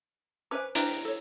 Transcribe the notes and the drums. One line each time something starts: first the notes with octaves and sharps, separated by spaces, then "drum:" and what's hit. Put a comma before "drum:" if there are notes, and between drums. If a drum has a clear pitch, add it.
C#4 B4 C5 G#5 D6
D4 E4 G4 B4 C5 D5, drum: hi-hat
A4 C#5